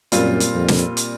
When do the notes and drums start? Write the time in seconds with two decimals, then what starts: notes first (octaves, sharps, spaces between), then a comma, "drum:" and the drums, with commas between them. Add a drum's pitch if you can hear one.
0.12 F#2 A#2 G3 C4 F4, drum: hi-hat
0.40 drum: hi-hat
0.54 F2
0.68 drum: snare
0.97 drum: hi-hat